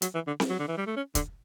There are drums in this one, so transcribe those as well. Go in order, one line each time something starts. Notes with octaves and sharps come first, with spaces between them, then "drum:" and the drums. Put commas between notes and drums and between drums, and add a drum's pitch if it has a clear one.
F#3, drum: hi-hat
E3
D3
drum: snare C4
F#3
D3
E3
G3
A3
C#4
D3, drum: kick, hi-hat